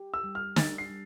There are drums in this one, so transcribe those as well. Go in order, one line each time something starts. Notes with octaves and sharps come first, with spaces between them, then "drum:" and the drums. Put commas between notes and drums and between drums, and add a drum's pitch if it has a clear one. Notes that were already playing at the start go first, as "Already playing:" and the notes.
Already playing: G4
E6
G3
F6
D4 A6, drum: snare
C7
G3